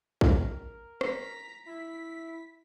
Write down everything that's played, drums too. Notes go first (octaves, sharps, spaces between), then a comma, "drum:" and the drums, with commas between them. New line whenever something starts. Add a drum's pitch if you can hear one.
A#4, drum: kick
A#5 B6, drum: rim click
E4 B6